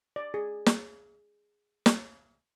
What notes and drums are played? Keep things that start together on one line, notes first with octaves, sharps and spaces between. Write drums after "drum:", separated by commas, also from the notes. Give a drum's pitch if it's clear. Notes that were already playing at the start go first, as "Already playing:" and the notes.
D5
G#4
drum: snare
drum: snare